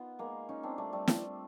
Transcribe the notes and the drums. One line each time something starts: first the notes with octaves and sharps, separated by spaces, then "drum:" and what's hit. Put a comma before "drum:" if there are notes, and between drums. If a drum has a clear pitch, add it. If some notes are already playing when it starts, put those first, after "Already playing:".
Already playing: B3 D#4 F4
G#3 A#3
C#4 D#4
C4 D4
G3 A3
G3 A3
drum: snare